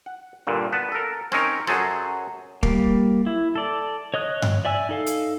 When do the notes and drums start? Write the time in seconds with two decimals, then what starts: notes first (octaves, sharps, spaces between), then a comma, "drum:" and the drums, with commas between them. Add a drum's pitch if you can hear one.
0.06 F#5
0.47 G2 A#2 D3
0.73 B3 B4 A5
0.92 A4 A#4
1.32 C4 C#4 D#4 A#4 C#5, drum: rim click
1.67 F#2 F#3 G#4 A4 C5, drum: rim click
2.63 G3 A#3, drum: kick
3.27 E4
3.56 A4 D5
4.14 C#5 D#5 D#6 F#6
4.42 drum: tom G2
4.65 D5 E5 G#5 E6
4.89 D#4 A4 F5
5.07 drum: hi-hat